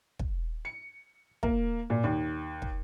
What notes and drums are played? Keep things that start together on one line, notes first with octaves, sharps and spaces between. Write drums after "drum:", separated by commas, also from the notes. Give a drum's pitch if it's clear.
drum: kick
C#7
A#3, drum: kick
A#2
D#2
drum: kick